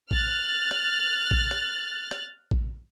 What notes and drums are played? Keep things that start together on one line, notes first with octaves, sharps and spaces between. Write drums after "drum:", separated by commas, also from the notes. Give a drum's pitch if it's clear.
F6 F#6 A6, drum: kick A#1
drum: rim click
drum: kick A#1
drum: rim click
drum: rim click
drum: kick A#1